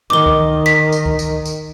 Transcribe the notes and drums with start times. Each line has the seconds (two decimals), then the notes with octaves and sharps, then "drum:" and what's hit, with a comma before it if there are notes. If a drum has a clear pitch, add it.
0.10 D#3 D6 G7
0.26 drum: kick C#2
0.66 B6, drum: tambourine
0.92 drum: tambourine
1.06 drum: kick C#2
1.19 drum: tambourine
1.45 drum: tambourine